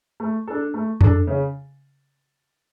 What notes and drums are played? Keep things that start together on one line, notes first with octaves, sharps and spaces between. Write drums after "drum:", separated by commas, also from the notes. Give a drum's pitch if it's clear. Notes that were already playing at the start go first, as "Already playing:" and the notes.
A3
D4 A4
A3
D4 A4, drum: tom F2
C#3